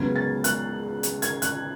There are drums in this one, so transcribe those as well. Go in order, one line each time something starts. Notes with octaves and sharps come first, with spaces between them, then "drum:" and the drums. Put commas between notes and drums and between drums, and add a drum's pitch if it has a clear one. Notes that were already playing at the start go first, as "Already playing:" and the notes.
Already playing: C#2 C#3 F#3 B3 G#6
A6
F#6, drum: hi-hat
drum: hi-hat
G#6, drum: hi-hat
F#6, drum: hi-hat